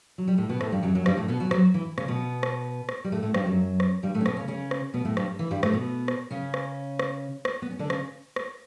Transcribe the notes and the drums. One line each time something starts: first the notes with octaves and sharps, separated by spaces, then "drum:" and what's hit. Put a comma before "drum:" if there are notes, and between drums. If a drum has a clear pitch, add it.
F#3
G3
A2 A3
B2 B3
A2 A3, drum: rim click
G2 G3
F#2 F#3
F#2 F#3
G2 G3, drum: rim click
A2 A3
B2 B3
F#3 F#4
F#3 F#4, drum: rim click
E3 E4
C#3 C#4, drum: rim click
B2 B3
drum: rim click
drum: rim click
G3
A2 A3
A2 A3
G2 G3, drum: rim click
F#2 F#3
drum: rim click
G2 G3
A2 A3
C#4
B2 B3, drum: rim click
C#3 C#4
C#3 C#4
drum: rim click
B2 B3
A2 A3
G2 G3, drum: rim click
E3
G2 G3
A2 A3, drum: rim click
B2 B3
drum: rim click
C#3 C#4
drum: rim click
drum: rim click
drum: rim click
B3
C#4
D3 D4
C#3 C#4, drum: rim click
drum: rim click